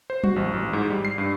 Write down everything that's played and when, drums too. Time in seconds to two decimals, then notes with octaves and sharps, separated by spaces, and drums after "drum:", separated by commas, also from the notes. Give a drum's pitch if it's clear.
0.10 C5
0.24 F#4, drum: tom F#3
0.36 A1
0.53 A1
0.73 G#2
0.90 G3
1.05 C7
1.18 G2